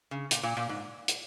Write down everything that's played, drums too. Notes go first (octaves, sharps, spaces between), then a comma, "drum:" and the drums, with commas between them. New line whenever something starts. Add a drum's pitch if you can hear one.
C#3
A#2, drum: hi-hat
A#2
A#2
G#2
drum: hi-hat